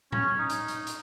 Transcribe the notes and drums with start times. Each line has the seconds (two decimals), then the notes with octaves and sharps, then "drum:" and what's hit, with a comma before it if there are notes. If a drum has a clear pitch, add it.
0.12 C#4, drum: tom A2
0.38 D#4
0.50 drum: hi-hat
0.68 drum: hi-hat
0.87 drum: hi-hat